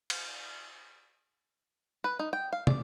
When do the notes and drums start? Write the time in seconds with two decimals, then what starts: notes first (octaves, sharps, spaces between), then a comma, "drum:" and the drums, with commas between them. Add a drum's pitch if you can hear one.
0.10 drum: cymbal
2.04 B4
2.19 D#4
2.33 G5
2.53 F5
2.67 D5, drum: tom